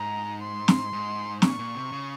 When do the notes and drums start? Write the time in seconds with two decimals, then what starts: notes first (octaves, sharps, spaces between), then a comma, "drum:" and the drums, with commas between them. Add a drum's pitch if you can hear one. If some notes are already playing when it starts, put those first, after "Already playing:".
Already playing: G#2 A#5
0.43 C6
0.68 drum: snare
0.93 G#2
1.42 A#2 C#6, drum: snare
1.59 A#2
1.75 C3
1.92 C#3